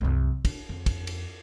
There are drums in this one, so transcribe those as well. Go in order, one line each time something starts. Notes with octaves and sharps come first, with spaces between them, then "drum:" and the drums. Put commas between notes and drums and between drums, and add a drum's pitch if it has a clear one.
C2 F#2
D4, drum: kick, cymbal
F2
drum: kick, cymbal
drum: cymbal